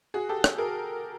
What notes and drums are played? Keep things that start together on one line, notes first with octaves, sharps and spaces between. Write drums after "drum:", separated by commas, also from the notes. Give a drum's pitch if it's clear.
F#4 G#4
G4 A4
drum: rim click
G#4 A#4